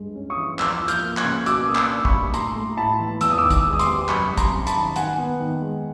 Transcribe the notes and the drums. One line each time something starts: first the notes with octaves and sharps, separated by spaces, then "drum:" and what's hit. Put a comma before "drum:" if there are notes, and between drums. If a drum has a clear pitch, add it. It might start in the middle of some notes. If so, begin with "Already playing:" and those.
Already playing: G2 G#3
C#4
C#6 D#6
E3
F2 D6 E6, drum: clap
F3
F6 G6, drum: hi-hat
A#3
F#6 G#6, drum: clap
C#3
B2 D6 E6, drum: hi-hat
A#3 D#6
D6 E6, drum: clap
D4
B5 C#6, drum: kick
G3
A2 A#5 C6, drum: hi-hat
A3
A2 A5 B5
E3
E2 E6, drum: hi-hat
D#6
D#3 D6 E6
drum: kick, hi-hat
G#3
D#6
C6 D6, drum: hi-hat
C3
F#2 B5 C#6, drum: clap
G3 B5
A#5 C6, drum: kick, hi-hat
C4
A5 B5, drum: hi-hat
D#3
D#3 F#5 G#5, drum: hi-hat
B3
D#3
G#3